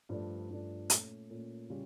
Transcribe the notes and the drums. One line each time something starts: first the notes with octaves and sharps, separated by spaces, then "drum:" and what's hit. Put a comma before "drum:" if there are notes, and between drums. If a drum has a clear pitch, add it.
G2 F3 A3 D4
G2 F3 A3 D4
A#2 A3 C#4, drum: hi-hat
A#2 A3 C#4
C#3 G3 C#4 F4